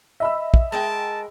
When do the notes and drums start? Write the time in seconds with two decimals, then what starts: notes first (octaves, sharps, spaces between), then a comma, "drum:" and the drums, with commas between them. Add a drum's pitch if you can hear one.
0.20 D#5 E5 B5 E6
0.54 drum: kick
0.72 G#3 A#4 G5 A5